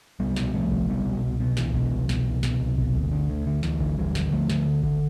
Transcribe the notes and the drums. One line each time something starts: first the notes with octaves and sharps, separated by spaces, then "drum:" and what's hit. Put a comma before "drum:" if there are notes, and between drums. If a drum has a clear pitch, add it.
C2 G3 B3
B2, drum: snare
C2 F3 A3
B2, drum: kick G#1
C2 G3 B3
B2
C2
B2
C2 E3, drum: snare
B2, drum: kick G#1
C2
B2, drum: snare
C2
B2, drum: snare
C2
B2, drum: kick G#1
D2
D3
D2
D3
D2 E3, drum: snare
D3, drum: kick G#1
D2 E3 G3
D3, drum: snare
D2 F3 A3
D3, drum: snare
D2
D3, drum: kick G#1